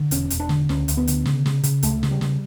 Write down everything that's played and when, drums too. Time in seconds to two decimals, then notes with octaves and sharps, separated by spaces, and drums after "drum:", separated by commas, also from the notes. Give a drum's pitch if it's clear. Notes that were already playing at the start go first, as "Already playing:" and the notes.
Already playing: D3
0.11 E1 C#4, drum: hi-hat
0.30 E1, drum: hi-hat
0.40 D4
0.49 D3, drum: snare
0.69 D2 C#4, drum: snare
0.88 D2, drum: hi-hat
0.97 B3
1.07 D3, drum: hi-hat
1.25 C#3, drum: snare
1.46 C#3, drum: snare
1.64 C#3, drum: hi-hat
1.83 C#2 A3, drum: hi-hat
2.03 C#3, drum: snare
2.11 G3
2.21 C#3, drum: snare